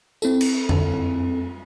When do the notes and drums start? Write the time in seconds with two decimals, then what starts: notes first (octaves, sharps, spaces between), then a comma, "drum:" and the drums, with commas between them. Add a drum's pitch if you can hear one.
0.22 C4 E4 A4, drum: tambourine
0.41 drum: cymbal
0.69 drum: tom F2